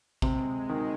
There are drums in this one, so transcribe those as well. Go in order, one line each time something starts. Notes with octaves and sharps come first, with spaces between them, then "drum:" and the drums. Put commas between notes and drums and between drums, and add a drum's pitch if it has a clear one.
C3 G#3, drum: kick
D#3